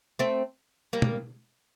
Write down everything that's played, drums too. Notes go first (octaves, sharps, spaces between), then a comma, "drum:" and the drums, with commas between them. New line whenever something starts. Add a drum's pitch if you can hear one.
A3 C4
G3 A#3
drum: tom